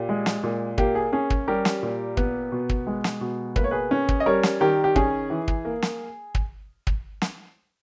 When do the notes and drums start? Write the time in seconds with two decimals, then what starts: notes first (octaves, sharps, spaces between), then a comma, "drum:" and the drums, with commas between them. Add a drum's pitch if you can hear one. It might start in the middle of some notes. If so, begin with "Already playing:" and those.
Already playing: A#2 G4
0.09 G#3
0.26 drum: snare
0.43 A#2
0.78 A#3 G4, drum: kick
0.95 G#4
1.13 C#4 G#4
1.30 drum: kick
1.48 G3 G4 A#4
1.65 drum: snare
1.83 A#2
2.17 B3, drum: kick
2.52 B2
2.69 drum: kick
2.87 G#3
3.04 drum: snare
3.21 B2
3.56 A#3 B4, drum: kick
3.64 C#5
3.71 G#4 B4
3.91 C#4
4.09 drum: kick
4.20 D#5
4.26 G3 A#4 C#5
4.43 drum: snare
4.61 D#3 G4 A#4
4.84 G4
4.96 C#4 G#4, drum: kick
5.30 E3
5.48 drum: kick
5.65 A#3
5.82 drum: snare
6.35 drum: kick
6.87 drum: kick
7.22 drum: snare